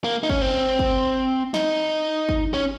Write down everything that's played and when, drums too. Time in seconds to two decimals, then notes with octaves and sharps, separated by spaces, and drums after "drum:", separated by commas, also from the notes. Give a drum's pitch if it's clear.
0.04 A#3
0.23 D#4
0.29 C#4, drum: kick
0.41 C4
0.79 drum: kick
1.54 D#4, drum: snare
2.29 drum: kick
2.54 C#4